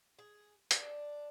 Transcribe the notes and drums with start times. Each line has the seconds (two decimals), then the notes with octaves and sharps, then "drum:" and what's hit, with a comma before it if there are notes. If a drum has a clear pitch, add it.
0.19 G#4
0.71 D4, drum: hi-hat